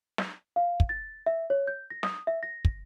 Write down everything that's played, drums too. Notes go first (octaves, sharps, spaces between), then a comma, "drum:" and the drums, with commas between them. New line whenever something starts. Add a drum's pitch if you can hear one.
drum: snare
F5
drum: kick
A6
E5
C#5
G6
A#6
D#6, drum: snare
E5
A#6
drum: kick